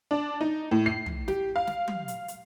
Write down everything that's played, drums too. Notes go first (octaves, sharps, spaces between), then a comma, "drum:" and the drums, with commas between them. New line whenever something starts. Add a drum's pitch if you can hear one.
D4
D#4
A2
C7
drum: tom
G4, drum: snare
F5
drum: snare
drum: tom F#3
drum: hi-hat
drum: hi-hat